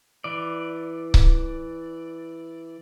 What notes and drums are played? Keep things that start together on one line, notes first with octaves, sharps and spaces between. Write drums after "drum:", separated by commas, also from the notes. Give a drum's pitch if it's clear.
E3 D5
drum: kick C#1